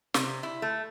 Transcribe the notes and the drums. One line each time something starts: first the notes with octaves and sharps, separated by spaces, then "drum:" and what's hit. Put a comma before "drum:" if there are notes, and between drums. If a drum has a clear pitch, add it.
C3, drum: snare
E4
A3